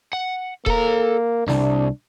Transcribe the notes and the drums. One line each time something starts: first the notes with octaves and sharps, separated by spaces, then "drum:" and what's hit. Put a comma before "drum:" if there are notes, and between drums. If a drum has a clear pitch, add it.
F#5
A#3 A4 A#5, drum: kick D#1
C2 D4, drum: snare